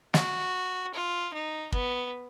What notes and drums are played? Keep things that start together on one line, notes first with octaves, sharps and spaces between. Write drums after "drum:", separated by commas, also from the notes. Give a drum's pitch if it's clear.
F#4, drum: snare
F4
D#4
B3, drum: kick